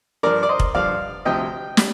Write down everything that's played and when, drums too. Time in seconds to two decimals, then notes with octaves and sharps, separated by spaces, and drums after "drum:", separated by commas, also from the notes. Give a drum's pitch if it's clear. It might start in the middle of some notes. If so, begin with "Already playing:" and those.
0.23 G2 F3 A#4 D5
0.43 D5
0.49 C5 D#5
0.60 drum: kick
0.75 G2 D3 F3 D5 F5
1.25 D2 C3 F3 D#5 G5
1.77 G3, drum: snare